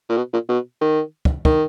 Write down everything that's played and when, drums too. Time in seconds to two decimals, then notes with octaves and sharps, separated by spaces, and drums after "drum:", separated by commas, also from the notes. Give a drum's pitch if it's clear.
0.10 A#2
0.17 B2
0.33 A#2
0.49 B2
0.81 D#3
1.25 drum: kick
1.45 D#3, drum: kick